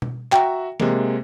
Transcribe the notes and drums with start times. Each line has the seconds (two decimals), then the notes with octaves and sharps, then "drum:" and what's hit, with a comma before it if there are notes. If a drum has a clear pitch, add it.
0.02 drum: tom B2
0.32 F#4 E5 G5 A#5, drum: clap
0.80 C3 G#3 A#3, drum: snare